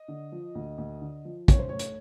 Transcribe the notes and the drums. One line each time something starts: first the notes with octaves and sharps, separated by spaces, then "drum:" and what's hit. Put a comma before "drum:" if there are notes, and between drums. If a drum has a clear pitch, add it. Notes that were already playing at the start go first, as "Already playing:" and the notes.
Already playing: D#5
D3
F3
D2
D2
D3
F3
F#2 C#5, drum: kick, hi-hat
C5
A3 C#5
drum: hi-hat